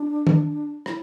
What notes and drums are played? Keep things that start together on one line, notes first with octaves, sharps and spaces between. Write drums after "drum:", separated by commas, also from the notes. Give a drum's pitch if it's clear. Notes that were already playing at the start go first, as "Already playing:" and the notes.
Already playing: D4
drum: tom
E4, drum: rim click